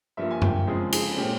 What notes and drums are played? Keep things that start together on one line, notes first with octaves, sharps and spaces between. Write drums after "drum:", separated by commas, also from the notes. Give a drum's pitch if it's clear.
G2 F3 A#3 E5
G#5
G5, drum: tom F#2
C#3 F3 G#3 C4 G#4
G#4, drum: cymbal
A#2 G#3 C#4 G4